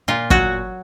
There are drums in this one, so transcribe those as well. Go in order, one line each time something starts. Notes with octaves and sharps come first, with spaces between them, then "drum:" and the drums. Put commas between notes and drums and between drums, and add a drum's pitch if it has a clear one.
A#2 F4
F#3 F#4, drum: kick